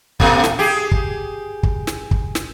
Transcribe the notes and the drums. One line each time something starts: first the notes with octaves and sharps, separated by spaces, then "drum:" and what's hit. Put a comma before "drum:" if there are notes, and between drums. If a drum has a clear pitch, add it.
A#2 A3, drum: kick
drum: snare
G4 G#4
drum: kick
drum: kick
drum: snare
drum: kick
drum: snare